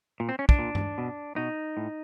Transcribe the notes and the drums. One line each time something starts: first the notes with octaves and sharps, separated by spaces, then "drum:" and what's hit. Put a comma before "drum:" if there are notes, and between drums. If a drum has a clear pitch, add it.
A#2
C4
C#4
D4, drum: kick
A#2
drum: tom G2
B2
B2 D#4
A2